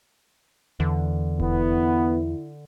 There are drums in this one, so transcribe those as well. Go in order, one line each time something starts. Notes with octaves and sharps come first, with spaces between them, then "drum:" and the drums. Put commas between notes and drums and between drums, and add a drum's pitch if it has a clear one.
E2 D3
B3 E4, drum: kick D#1